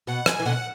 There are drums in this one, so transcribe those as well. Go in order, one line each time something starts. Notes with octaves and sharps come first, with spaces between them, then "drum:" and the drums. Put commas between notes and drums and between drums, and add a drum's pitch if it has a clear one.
B2 F#5
G#5, drum: rim click
E3
B2 D3 F#5